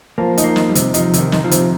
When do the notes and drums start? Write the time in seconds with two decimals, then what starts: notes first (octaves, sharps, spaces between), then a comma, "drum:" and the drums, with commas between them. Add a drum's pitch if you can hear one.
0.18 F3 A#3
0.38 D#4, drum: hi-hat
0.44 A#3
0.56 D#4, drum: snare
0.69 G3
0.75 C3, drum: hi-hat
0.94 F3 D#4, drum: hi-hat
1.14 C3, drum: hi-hat
1.19 D#3
1.32 D#4, drum: snare
1.44 F3
1.51 C3, drum: hi-hat